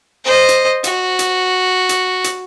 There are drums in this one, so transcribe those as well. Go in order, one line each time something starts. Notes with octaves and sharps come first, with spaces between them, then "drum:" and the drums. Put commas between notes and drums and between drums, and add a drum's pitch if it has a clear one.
C5 D#5
drum: hi-hat
F#4, drum: hi-hat
drum: hi-hat
drum: hi-hat
drum: hi-hat